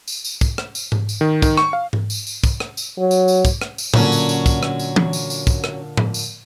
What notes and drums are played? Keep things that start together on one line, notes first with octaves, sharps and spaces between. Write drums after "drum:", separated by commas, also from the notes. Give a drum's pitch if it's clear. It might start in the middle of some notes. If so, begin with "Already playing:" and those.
drum: tambourine
drum: tambourine
drum: kick, tambourine
drum: rim click
drum: tambourine
drum: tom G#2
drum: tambourine
D#3
D#3, drum: kick, tambourine
C#6, drum: rim click
F5
drum: tom G#2
drum: tambourine
drum: tambourine
drum: kick, tambourine
drum: rim click
drum: tambourine
F#3
drum: tambourine
drum: tambourine
drum: kick, tambourine
drum: rim click
drum: tambourine
A#2 D3 F#3 C#4 D4, drum: tom A2
drum: tambourine
drum: tambourine
drum: kick, tambourine
drum: rim click
drum: tambourine
drum: tom
drum: tambourine
drum: tambourine
drum: kick, tambourine
drum: rim click
drum: tom A2
drum: tambourine